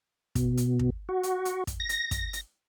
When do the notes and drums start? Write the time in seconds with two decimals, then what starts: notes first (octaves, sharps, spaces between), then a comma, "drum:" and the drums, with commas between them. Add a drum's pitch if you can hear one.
0.35 B2, drum: kick, hi-hat
0.57 drum: hi-hat
0.79 drum: kick
1.09 F#4
1.23 drum: hi-hat
1.45 drum: hi-hat
1.67 drum: kick, hi-hat
1.80 A#6
1.89 drum: hi-hat
2.11 drum: kick, hi-hat
2.33 drum: hi-hat